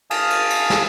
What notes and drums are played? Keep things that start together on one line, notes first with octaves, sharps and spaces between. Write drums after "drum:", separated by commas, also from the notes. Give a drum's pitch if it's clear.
F5 G#5 A5 D#6 F6, drum: cymbal
drum: cymbal
drum: cymbal
drum: snare